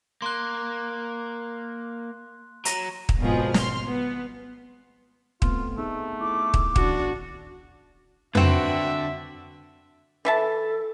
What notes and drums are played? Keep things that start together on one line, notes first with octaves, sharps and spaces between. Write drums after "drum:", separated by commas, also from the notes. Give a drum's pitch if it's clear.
A#3 C6 F#6
F#3 A#5 A#6 D#7, drum: hi-hat
drum: kick
G#1 B2 F3 G#4
C6 F6, drum: snare
B3
A3 B3 C4 F4, drum: kick
A3 B3 D#4 G#4
E4 D6
drum: kick
D#3 C#4 D4 F#4, drum: kick
D3 C4 F#4 B4 E5 F#5 G5, drum: tom F2
E3 A4 E5 A5